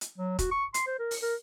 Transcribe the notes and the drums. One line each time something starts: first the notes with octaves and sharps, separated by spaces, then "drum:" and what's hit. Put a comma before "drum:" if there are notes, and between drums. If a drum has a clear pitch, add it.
drum: hi-hat
F#3
F#4, drum: kick, hi-hat
C#6
C6, drum: hi-hat
C5
A#4
drum: open hi-hat
A#4